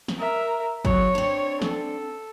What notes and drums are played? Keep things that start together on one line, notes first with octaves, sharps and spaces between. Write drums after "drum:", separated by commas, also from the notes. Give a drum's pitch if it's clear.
drum: snare
A#4 E5
F#3 C#5, drum: kick G1
C4 D4
A4, drum: snare